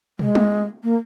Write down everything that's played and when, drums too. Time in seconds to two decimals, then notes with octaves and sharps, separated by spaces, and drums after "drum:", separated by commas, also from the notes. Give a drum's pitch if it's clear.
0.19 G#3, drum: tom
0.35 drum: tom G#3
0.83 A#3